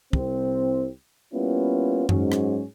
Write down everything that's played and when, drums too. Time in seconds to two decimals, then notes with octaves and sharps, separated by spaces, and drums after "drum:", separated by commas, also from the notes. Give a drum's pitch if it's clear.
0.13 C2 C4, drum: kick
1.33 G3 A#3 B3 C#4 E4 F4
2.09 G#2 F#3 C#4, drum: tom F#2
2.32 drum: rim click